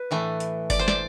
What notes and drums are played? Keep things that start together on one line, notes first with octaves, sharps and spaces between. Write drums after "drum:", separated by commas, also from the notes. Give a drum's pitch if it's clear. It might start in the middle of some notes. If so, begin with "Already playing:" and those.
Already playing: B4
A2 E3 A3
drum: hi-hat
D5, drum: kick G1, open hi-hat
C5
D5, drum: snare